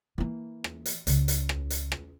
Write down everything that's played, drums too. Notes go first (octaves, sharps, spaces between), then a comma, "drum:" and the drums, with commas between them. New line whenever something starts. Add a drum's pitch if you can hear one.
E3 A#3
drum: rim click
drum: hi-hat
C#2 C#3, drum: hi-hat
drum: hi-hat
drum: rim click
drum: hi-hat
drum: rim click